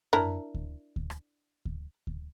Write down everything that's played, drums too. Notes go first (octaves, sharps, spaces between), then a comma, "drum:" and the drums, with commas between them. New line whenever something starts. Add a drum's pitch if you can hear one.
D4 E4 A#4, drum: tom F#2
drum: kick D2
drum: kick D2
drum: rim click
drum: kick D2
drum: kick D2